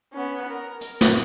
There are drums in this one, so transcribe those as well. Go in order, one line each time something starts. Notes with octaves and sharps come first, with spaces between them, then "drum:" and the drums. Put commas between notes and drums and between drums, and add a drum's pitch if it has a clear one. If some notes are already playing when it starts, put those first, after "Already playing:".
B3 C#4
A#4
A#4, drum: hi-hat
drum: snare